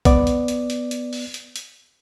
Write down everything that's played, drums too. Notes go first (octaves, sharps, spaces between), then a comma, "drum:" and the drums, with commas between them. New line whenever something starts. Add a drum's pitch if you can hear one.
B3 D5, drum: kick, hi-hat
drum: hi-hat
drum: hi-hat
drum: hi-hat
drum: hi-hat
drum: open hi-hat
drum: hi-hat
drum: hi-hat